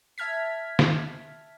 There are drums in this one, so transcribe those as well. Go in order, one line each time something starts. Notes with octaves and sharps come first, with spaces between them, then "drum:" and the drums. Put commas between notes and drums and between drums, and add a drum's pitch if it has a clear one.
E5 A5 F6 G#6 B6
drum: snare